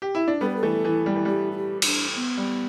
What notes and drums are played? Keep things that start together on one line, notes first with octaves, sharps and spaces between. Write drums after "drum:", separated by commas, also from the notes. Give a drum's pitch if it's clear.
G4
E4
D4
G3 B3 A4
B4
A4
E3 A3
E3
G3
E3
G3 G4
E4
G4
E4, drum: cymbal
D4
B3
G3